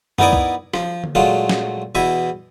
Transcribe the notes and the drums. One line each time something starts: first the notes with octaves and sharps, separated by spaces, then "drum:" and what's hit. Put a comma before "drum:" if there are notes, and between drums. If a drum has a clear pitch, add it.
B3 D#4 E4 A#4 D5 G#5, drum: tom F#2
drum: kick
F3, drum: rim click
drum: tom D3
A#2 F#3 G#3 A3 F4
drum: snare
E2 B2 E3 E5 G#5